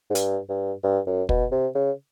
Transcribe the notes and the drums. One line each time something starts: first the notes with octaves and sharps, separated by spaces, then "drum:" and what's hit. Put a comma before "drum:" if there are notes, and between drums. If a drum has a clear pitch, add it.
G#2
G2, drum: hi-hat
G2
G2
F#2
B2, drum: kick
C3
C#3